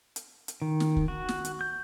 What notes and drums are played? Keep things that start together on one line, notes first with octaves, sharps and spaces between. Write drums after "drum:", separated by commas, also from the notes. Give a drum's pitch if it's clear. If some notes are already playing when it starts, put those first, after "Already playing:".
drum: hi-hat
drum: hi-hat
D#3
drum: snare
drum: kick
F#4
drum: snare
drum: hi-hat
G6